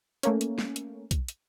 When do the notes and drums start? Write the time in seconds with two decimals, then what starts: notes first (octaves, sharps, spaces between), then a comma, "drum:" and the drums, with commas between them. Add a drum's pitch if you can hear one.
0.23 A3 A#3 C#4, drum: hi-hat
0.41 drum: hi-hat
0.58 drum: snare
0.76 drum: hi-hat
1.11 drum: kick B1, hi-hat
1.28 drum: hi-hat